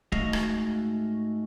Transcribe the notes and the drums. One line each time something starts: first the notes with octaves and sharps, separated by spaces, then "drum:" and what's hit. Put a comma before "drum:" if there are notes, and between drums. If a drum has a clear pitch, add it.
G#2 A3 F#4 D#5 F5, drum: kick
drum: rim click